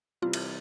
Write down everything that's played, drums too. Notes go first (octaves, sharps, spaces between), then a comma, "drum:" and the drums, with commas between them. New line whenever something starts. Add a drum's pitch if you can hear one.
C3 E3 G3 C4 F4
drum: cymbal